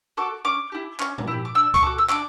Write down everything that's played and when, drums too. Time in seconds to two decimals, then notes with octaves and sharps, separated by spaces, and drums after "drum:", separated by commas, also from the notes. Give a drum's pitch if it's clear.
0.17 F#4 A4 D6
0.45 C#4 D6
0.72 E4 G4
1.00 C#4, drum: clap
1.18 drum: tom
1.27 E4 G4
1.45 D6
1.55 D4 E6
1.74 C#6, drum: kick C#2, hi-hat
1.82 F#4 A4 D6
1.98 E6
2.09 D4 D6, drum: clap